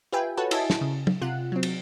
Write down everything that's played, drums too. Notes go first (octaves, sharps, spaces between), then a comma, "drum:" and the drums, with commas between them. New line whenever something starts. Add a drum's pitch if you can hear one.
F4 G4 B4 E5 G5 G#5
F#4 A4 B4 C#5 F#5 A5
E4 D#5 E5 G#5 A5, drum: cymbal
drum: snare
C#3
drum: tom
C3 F4 F#5 F#6
F#3 C4
drum: cymbal